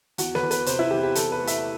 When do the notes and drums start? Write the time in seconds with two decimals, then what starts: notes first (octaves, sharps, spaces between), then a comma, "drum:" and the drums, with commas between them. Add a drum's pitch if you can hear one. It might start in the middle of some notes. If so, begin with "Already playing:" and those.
0.18 E2 F#4, drum: hi-hat
0.35 B4, drum: snare
0.43 E2
0.51 B4, drum: hi-hat
0.66 C3 C5, drum: hi-hat
0.79 E4
0.91 E3 G4
1.03 G4
1.15 E2 A4, drum: hi-hat
1.32 B4
1.40 A3
1.47 E5, drum: hi-hat